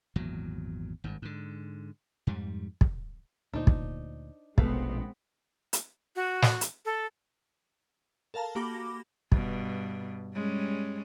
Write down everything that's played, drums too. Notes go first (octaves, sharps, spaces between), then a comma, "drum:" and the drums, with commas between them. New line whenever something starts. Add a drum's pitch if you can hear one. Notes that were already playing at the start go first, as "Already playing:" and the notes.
G#1 E2 A#2 F#3
G#1 G2
G#2 D3
F2 G#2 G3
drum: kick
D2 A#2 D4 D#4 C5
drum: kick
A#1 B2 G#3 A3 B3 C4 B4 F5, drum: kick
drum: hi-hat
F#4
drum: snare
drum: hi-hat
A4
A4 A#4 F5 A5 A#5
A#3 F#4 G4 B5 D6 A#6
G2 B2, drum: kick
G3 G#3 C#4